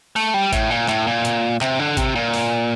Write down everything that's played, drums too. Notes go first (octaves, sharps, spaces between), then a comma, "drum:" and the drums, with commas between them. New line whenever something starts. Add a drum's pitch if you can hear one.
A3, drum: open hi-hat
G3
A2, drum: kick G#1, hi-hat
A#2
A2, drum: clap
A#2
drum: hi-hat
C3, drum: clap
D3
C3, drum: kick G#1, hi-hat
A#2
drum: open hi-hat